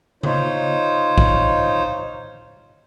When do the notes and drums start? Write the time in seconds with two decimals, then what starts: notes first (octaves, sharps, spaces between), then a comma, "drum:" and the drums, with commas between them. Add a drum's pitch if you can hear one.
0.23 D#4 F4 C5 C#5, drum: tom C#3
1.18 drum: kick A#1